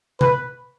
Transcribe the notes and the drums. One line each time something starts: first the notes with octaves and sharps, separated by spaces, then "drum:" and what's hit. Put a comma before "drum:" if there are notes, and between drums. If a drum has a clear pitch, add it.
B4, drum: tom C3